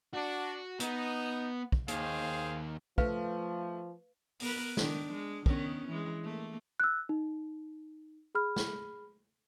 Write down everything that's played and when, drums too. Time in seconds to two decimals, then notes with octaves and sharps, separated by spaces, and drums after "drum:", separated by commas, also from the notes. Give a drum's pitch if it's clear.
0.14 D4 F#4
0.80 B3 D#4, drum: hi-hat
1.72 drum: kick
1.88 D#2 G#4 C5 F5, drum: hi-hat
2.98 F3 A3 B4 F5, drum: kick
4.40 B3 A#4 B4, drum: open hi-hat
4.77 D#3 D4, drum: snare
5.13 G#3
5.46 D#3 B3 C#4, drum: kick
5.88 E3 G#3
6.24 A3 A#3
6.80 E6 F#6
7.09 D#4
8.35 G#4 B5 F6
8.56 drum: snare